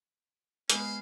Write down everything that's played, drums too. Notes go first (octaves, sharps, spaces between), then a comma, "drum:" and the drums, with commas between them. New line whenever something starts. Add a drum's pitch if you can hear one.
G#3 B3 C#4 C5 F5, drum: hi-hat